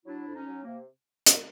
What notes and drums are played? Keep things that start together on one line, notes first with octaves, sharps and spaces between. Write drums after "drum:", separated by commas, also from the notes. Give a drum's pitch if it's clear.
F#3 D4 E4
F2
C#4 D#4
F#3
C3 A#3
drum: hi-hat